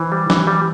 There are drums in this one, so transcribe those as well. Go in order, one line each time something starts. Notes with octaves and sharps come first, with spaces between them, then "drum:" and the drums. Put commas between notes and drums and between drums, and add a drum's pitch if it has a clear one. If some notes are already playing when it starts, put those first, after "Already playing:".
Already playing: E3 C5
G3
E3, drum: snare
G3